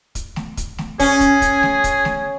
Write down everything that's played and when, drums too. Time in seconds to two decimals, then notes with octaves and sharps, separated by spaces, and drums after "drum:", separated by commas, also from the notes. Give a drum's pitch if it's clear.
0.15 drum: kick, hi-hat
0.36 drum: snare
0.57 drum: kick, hi-hat
0.78 drum: snare
1.00 C#4 G#4, drum: kick, hi-hat
1.21 drum: kick, hi-hat
1.42 drum: kick, hi-hat
1.63 drum: snare
1.84 drum: kick, hi-hat
2.05 drum: snare